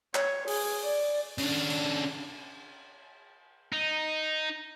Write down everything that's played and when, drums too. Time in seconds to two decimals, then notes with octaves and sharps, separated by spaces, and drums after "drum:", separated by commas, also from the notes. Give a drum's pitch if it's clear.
0.15 C#5, drum: clap
0.48 G#4, drum: open hi-hat
0.83 D5
1.38 C#3 D4, drum: open hi-hat
1.70 drum: cymbal
3.73 D#4